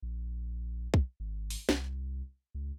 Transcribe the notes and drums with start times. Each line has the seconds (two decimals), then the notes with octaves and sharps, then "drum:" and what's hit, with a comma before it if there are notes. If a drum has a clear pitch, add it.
0.02 A#1
0.94 drum: kick
1.20 G#1
1.50 drum: open hi-hat
1.69 C2, drum: snare
2.55 C#2